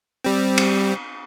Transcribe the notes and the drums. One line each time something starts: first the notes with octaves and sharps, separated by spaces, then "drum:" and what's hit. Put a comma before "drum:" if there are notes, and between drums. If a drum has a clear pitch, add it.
G3 C4
drum: cymbal